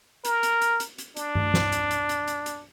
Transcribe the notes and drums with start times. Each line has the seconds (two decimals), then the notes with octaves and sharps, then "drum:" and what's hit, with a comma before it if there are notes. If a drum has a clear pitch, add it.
0.25 A#4, drum: hi-hat
0.43 drum: hi-hat
0.61 drum: hi-hat
0.80 drum: hi-hat
0.98 drum: hi-hat
1.17 D4, drum: hi-hat
1.35 drum: tom G2
1.54 drum: snare
1.72 drum: hi-hat
1.91 drum: hi-hat
2.09 drum: hi-hat
2.28 drum: hi-hat
2.46 drum: hi-hat